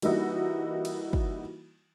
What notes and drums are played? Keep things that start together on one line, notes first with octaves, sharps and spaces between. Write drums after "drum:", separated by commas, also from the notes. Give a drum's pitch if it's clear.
E3 G3 A#3 D#4 E4 F#4, drum: cymbal
drum: cymbal
drum: kick